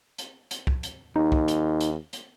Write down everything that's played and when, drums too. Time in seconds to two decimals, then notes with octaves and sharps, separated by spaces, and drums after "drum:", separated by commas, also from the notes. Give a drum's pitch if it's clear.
0.18 drum: hi-hat
0.51 drum: hi-hat
0.67 drum: kick
0.83 drum: hi-hat
1.16 D#2 D#4
1.32 drum: kick
1.48 drum: hi-hat
1.81 drum: hi-hat
2.13 drum: hi-hat